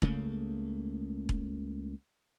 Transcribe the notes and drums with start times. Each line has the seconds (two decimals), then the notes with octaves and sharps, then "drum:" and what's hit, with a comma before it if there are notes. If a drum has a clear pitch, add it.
0.02 C#2 C#3 A3 A#3, drum: kick E1
1.29 drum: kick E1